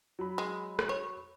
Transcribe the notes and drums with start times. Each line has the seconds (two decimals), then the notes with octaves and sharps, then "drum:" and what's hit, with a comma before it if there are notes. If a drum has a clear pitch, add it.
0.19 F#3 B5
0.38 G#3
0.79 drum: rim click
0.89 C#5